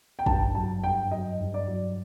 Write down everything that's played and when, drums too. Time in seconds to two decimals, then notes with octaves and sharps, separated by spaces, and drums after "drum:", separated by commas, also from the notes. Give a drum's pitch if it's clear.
0.19 G5
0.26 G2 A5, drum: kick
0.55 F#3 A5
0.83 G2 G5
1.11 F#3 D#5
1.39 G2
1.54 D5
1.68 F#3